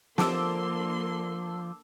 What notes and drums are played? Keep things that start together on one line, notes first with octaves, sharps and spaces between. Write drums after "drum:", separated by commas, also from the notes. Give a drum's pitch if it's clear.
D3 F3 A#3 A5 C6 D6 E6, drum: snare